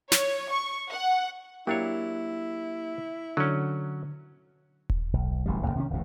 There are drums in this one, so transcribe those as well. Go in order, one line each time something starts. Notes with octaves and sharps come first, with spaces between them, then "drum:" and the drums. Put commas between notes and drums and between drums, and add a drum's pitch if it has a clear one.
C#5, drum: snare
C#6
F#5
F#3 A#3 D4 E4 G4 C#5
D3 F#3 C#4
drum: kick D#1
B1
D1 A1 D2 G3
F1 E2 C#3 A#3
C3 D#3 F#3 C#4
D1 A1 D#2 A#2